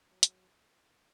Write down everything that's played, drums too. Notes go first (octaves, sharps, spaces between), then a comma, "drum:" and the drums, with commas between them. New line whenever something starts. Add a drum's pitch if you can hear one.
F#3
drum: hi-hat